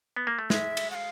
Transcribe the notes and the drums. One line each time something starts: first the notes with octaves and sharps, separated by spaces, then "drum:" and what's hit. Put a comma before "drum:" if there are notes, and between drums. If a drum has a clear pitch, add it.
B3
A#3
A3
G#3 E5, drum: snare
drum: cymbal
F#5
F5